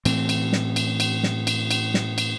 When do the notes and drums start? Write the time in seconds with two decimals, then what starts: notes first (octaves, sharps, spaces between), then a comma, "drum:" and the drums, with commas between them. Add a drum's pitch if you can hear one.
0.05 A2 E3 C4, drum: cymbal
0.29 drum: cymbal
0.53 drum: snare
0.76 drum: cymbal
1.00 drum: cymbal
1.23 drum: snare
1.47 drum: cymbal
1.71 drum: cymbal
1.94 drum: snare
2.18 drum: cymbal